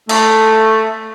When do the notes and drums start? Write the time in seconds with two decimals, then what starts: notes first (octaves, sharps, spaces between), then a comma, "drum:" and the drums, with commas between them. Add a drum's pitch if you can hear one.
0.09 A3, drum: cymbal